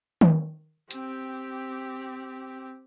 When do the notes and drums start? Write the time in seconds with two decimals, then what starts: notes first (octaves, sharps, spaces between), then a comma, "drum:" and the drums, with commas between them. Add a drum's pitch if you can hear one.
0.21 drum: tom D#3
0.91 C4 G4, drum: hi-hat